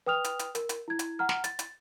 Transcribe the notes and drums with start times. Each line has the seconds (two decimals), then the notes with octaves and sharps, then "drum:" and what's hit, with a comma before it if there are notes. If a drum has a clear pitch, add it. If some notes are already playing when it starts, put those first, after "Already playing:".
0.06 B4 G5 D#6 F6 F7
0.24 drum: hi-hat
0.39 drum: hi-hat
0.55 A#4, drum: hi-hat
0.69 drum: hi-hat
0.88 E4 G#6
0.99 drum: hi-hat
1.19 F#5 A#5 F6
1.29 drum: snare
1.44 A6, drum: hi-hat
1.59 drum: hi-hat